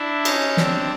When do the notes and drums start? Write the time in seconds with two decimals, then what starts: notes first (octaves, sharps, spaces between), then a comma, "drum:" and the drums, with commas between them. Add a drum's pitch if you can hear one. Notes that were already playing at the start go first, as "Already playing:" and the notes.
Already playing: D4 E4
0.25 C#4 D#4, drum: cymbal
0.57 C4 D4, drum: snare